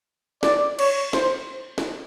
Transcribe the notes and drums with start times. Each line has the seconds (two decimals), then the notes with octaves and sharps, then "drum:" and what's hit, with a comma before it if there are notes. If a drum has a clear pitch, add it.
0.43 D5, drum: snare
0.79 C#5, drum: cymbal
1.13 C5, drum: snare
1.78 drum: snare